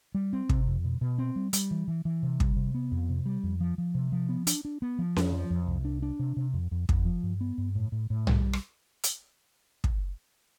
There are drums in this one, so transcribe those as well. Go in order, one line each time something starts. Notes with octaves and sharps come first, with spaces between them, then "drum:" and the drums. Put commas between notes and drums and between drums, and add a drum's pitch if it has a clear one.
G3
C4
C3, drum: kick
F2
B2
B2
C4
G3
G3, drum: hi-hat
E3
E3
E3
C3
G3, drum: kick
C3
B3
F2
C3
G3
F2
F3
F3
C3
F3
B3
D4, drum: hi-hat
D4
B3
F3
F2, drum: snare C#4
F3
F2
C2
D4
D4
C3
C3
F2
F2
F2, drum: kick
F3
G2
B3
G2
A2
A2
A2
G3, drum: tom B1
drum: rim click
drum: hi-hat
drum: kick